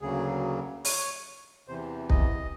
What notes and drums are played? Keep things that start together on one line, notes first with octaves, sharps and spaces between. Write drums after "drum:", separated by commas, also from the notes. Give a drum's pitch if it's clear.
D2 C#3 F#3 A#3 G#4
C#5, drum: open hi-hat
E2 C3 E3 C5
D#5, drum: kick